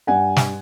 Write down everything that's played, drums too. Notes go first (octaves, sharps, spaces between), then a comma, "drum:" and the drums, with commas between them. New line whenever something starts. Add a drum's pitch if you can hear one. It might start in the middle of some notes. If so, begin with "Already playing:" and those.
G2 F#5 G#5
drum: snare